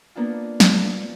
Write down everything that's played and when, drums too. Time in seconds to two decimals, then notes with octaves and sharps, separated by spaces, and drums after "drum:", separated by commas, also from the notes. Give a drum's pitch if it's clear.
0.15 A#3 B3 D4 F4
0.60 drum: snare